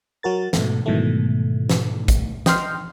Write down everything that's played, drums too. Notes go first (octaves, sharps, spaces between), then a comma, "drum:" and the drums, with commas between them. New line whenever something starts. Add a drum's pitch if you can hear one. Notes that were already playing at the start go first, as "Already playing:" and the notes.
F#3 F#4 A#4 A6
G#2 B2 A3, drum: snare
G#2 B2 D#3 E3 F#3 A3
drum: snare
drum: kick G#1, hi-hat
D#5 G5 C6 F6, drum: snare